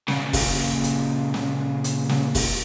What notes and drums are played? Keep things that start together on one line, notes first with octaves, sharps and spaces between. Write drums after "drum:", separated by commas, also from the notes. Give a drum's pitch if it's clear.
A#2 C#3, drum: snare
drum: kick, open hi-hat
drum: hi-hat
drum: snare
drum: hi-hat
drum: snare
drum: kick, open hi-hat